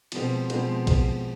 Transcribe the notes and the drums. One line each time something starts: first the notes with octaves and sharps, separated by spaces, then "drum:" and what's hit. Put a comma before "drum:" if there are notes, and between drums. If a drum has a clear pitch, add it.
B2 F3 G#3 C4, drum: cymbal
B2 F3 G#3 C4, drum: cymbal
F3 G#3 C4, drum: kick A#1, cymbal